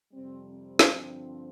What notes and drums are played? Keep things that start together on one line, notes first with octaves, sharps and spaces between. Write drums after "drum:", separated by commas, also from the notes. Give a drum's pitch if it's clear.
F2 C3 G3 C4
C4
drum: snare
G2 D3 F3